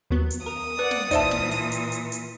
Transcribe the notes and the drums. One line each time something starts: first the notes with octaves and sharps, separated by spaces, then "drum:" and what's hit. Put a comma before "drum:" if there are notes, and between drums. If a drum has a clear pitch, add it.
D#2 F#3 B3
drum: hi-hat
A#4 D#6
B4 D5 F#5
drum: snare
A#2 E3 D#4 C5 D5 E5 A5, drum: kick, hi-hat
drum: snare
drum: open hi-hat
drum: hi-hat
drum: hi-hat
drum: hi-hat